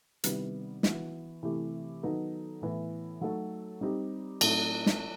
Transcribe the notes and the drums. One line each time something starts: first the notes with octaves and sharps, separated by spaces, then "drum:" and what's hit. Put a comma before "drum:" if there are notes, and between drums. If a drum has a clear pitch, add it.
C3 D#3 G3 B3 E4, drum: hi-hat
E3 B3 F#4, drum: snare
C3 E3 A3 E4 G4
D#3 F#3 B3 D#4 A4
A2 E3 B3 E4
F#3 A3 D#4 F#4 A4
G3 C4 D#4 G4
A2 F#3 A3 C4 D#4, drum: cymbal
drum: snare